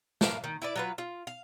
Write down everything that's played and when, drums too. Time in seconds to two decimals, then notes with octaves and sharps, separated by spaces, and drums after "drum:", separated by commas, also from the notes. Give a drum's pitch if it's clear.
0.21 A2 A#3 F5, drum: snare
0.44 D#3
0.62 E4 B4 D5
0.76 F#3 F4 B4
0.98 F4
1.27 F5